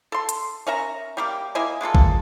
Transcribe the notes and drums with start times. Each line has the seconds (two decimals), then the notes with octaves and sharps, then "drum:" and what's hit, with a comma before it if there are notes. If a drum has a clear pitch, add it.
0.12 A4 C6
0.29 drum: hi-hat
0.67 C#4 A#4 E5 A#5
1.17 G3 A#3 G4
1.55 A#3 E4 D#5 G#5
1.81 G#3 A#3 F4 A4
1.95 drum: kick A1